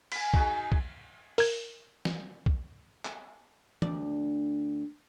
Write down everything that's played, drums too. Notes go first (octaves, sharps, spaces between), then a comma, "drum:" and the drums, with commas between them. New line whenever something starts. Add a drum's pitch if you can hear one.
G#5 B5, drum: cymbal
D#4 F#4 G#4, drum: kick B1
drum: kick B1
A#4 G#6, drum: open hi-hat
drum: snare
drum: kick B1
drum: clap
D2 D5, drum: tom